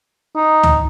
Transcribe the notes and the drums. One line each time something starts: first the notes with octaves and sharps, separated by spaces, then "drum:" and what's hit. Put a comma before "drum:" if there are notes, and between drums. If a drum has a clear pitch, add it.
D#4
drum: tom C#2